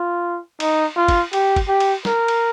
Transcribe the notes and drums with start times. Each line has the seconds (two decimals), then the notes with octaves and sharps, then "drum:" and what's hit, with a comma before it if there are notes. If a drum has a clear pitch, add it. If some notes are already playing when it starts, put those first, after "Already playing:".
Already playing: F4
0.60 D#4, drum: cymbal
0.96 F4
1.08 drum: kick, cymbal
1.33 G4, drum: cymbal
1.56 drum: kick, cymbal
1.68 G4
1.80 drum: cymbal
2.05 A#4, drum: snare
2.28 drum: cymbal